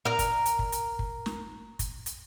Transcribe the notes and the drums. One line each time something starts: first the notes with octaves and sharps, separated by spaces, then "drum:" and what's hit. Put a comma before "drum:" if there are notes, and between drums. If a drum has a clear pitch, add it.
A#4 A#5
drum: kick, hi-hat
drum: hi-hat
drum: kick
drum: hi-hat
drum: kick
drum: snare
drum: kick, hi-hat
drum: hi-hat